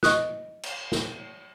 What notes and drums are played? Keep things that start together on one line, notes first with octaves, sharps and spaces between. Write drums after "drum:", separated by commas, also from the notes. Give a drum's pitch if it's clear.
D#5 C#6 D#6 F#6, drum: snare
drum: cymbal
drum: snare